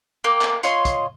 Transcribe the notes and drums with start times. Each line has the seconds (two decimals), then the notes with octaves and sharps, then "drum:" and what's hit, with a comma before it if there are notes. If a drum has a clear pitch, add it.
0.24 A#3 G5 D6
0.41 drum: clap
0.63 F4 C#5 D#5 C6, drum: hi-hat
0.85 drum: kick, hi-hat